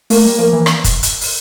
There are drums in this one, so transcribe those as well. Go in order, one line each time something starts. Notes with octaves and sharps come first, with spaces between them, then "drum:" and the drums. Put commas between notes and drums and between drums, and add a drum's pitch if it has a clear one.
A3 A#3, drum: open hi-hat
G3
F3 A#3
E3
drum: rim click
drum: kick, hi-hat
drum: hi-hat
drum: open hi-hat